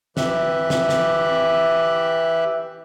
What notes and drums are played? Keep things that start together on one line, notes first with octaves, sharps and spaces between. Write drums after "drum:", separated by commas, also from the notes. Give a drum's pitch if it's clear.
E3 G4 E5 F#6, drum: snare
drum: snare
drum: snare